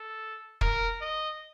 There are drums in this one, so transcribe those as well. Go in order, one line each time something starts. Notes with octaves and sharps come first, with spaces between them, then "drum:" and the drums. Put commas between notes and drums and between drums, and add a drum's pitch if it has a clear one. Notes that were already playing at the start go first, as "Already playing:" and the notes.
Already playing: A4
A#4, drum: kick
D#5